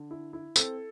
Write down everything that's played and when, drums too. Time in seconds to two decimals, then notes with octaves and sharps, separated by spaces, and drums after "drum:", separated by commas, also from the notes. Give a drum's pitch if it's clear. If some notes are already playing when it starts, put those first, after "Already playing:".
Already playing: D3
0.11 E4
0.33 E4
0.56 C4 A4, drum: tambourine